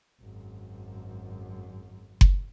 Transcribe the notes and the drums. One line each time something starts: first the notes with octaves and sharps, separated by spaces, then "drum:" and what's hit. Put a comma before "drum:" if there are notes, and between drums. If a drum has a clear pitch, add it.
G#1 F#2
drum: kick F#1